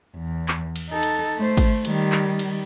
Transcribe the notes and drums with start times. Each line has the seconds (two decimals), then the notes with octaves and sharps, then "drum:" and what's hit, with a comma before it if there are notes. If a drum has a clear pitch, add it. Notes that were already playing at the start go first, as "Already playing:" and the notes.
0.16 E2
0.48 drum: clap
0.76 drum: cymbal
0.89 D#4 A4
1.03 drum: cymbal
1.36 A3 C5
1.57 drum: kick G#1, cymbal
1.85 D#3 G3, drum: cymbal
2.12 drum: clap
2.39 drum: cymbal